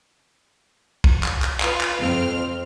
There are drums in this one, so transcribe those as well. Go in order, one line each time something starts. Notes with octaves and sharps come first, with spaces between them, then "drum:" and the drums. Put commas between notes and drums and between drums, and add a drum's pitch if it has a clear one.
drum: kick
drum: clap
drum: clap
F4 B4, drum: clap
drum: clap
F2 C4 F6